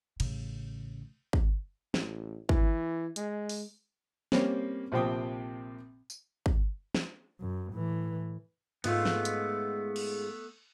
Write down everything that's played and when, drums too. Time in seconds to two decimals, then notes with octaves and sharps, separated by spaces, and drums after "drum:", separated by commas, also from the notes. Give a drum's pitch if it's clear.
0.20 A1 C#3, drum: cymbal
1.33 drum: kick
1.94 A1, drum: snare
2.49 E3, drum: kick
3.16 G#3, drum: hi-hat
3.49 drum: open hi-hat
4.32 G3 A#3 C4 C#4, drum: snare
4.92 A#1 C3 F3 C4 G5 D#6
6.10 drum: tambourine
6.46 drum: kick
6.95 drum: snare
7.40 F#2
7.73 A2 E3
8.84 G#2 G#3 A3 B3 F4, drum: cymbal
9.05 drum: snare
9.25 drum: hi-hat
9.96 drum: cymbal